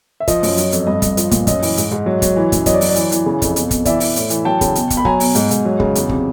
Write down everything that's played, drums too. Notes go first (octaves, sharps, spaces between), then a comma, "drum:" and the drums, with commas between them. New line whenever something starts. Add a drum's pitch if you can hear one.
E5
F3 D#5, drum: kick, hi-hat
F#2, drum: open hi-hat
F#3, drum: hi-hat
F2, drum: hi-hat
G2 D#5
G2, drum: kick, hi-hat
F3, drum: hi-hat
A#2, drum: kick, hi-hat
F#2 D#5, drum: kick, hi-hat
E3, drum: open hi-hat
G#2, drum: hi-hat
G#2
F#3
F#3, drum: kick, hi-hat
E3
F#2, drum: kick, hi-hat
F#3 D#5, drum: kick, hi-hat
D5
F#3, drum: open hi-hat
D5
E3, drum: hi-hat
E3, drum: hi-hat
C#3
F2, drum: kick, hi-hat
B2, drum: hi-hat
B2, drum: kick, hi-hat
E3 D5 E5, drum: kick, hi-hat
E3, drum: open hi-hat
A2, drum: hi-hat
E3, drum: hi-hat
F#3 G5 A5
C#3, drum: kick, hi-hat
B2, drum: hi-hat
B2, drum: kick, hi-hat
B5
F#3 G#5 A#5, drum: kick
B2, drum: open hi-hat
G#2, drum: hi-hat
G#2, drum: hi-hat
F#3
C#3, drum: kick
E2, drum: hi-hat
C3, drum: kick